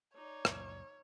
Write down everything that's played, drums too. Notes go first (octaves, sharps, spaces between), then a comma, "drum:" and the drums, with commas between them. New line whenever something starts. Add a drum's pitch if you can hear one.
D#4 C#5 D5
C#2 F#2 A#2, drum: rim click